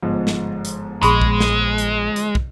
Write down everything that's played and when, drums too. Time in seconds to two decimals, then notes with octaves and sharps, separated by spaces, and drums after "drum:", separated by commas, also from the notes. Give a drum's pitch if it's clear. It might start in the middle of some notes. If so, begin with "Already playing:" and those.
0.03 G1 G#2 F3
0.27 drum: snare
0.65 drum: hi-hat
1.03 A#1 G#3 G#4 B5 C6, drum: hi-hat
1.22 drum: kick
1.40 drum: snare
1.78 drum: hi-hat
2.16 drum: hi-hat
2.35 drum: kick